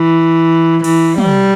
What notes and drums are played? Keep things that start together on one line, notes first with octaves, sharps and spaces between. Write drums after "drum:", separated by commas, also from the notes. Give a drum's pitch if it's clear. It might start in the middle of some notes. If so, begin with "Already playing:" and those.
Already playing: E3
E3, drum: cymbal
G3, drum: tom